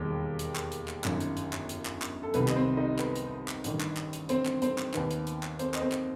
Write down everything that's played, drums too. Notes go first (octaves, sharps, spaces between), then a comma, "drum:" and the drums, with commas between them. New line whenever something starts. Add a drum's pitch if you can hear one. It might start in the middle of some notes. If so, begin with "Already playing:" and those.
Already playing: E1 D#2 D#3 G3 G4
drum: hi-hat
drum: clap
drum: hi-hat
drum: clap
G1 F#2 D#3, drum: clap
drum: hi-hat
drum: hi-hat
drum: clap
drum: hi-hat
drum: clap
drum: clap
A4
C2 C3 D#3 B3 B4, drum: hi-hat
D#5, drum: clap
C4 C5
D#4 D#5
B3 B4, drum: clap
drum: hi-hat
drum: clap
A1 G2 D#3, drum: hi-hat
drum: clap
drum: clap
drum: hi-hat
C4 C5, drum: hi-hat
drum: clap
C4 C5, drum: hi-hat
drum: clap
D#2 D#3 B3 B4, drum: clap
drum: hi-hat
drum: hi-hat
drum: clap
C4 C5, drum: hi-hat
D#5, drum: clap
C4 C5
drum: clap